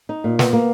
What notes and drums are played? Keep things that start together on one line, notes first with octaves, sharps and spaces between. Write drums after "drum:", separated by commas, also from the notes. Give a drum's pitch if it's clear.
D#4
A#2
B3, drum: snare
A#3